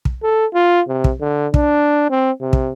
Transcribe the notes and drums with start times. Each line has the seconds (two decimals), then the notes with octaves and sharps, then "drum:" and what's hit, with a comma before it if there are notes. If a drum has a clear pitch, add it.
0.05 drum: kick
0.23 A4
0.54 F4
0.88 C3
1.04 drum: kick
1.21 D3
1.54 D4, drum: kick
2.10 C4
2.40 C3
2.53 drum: kick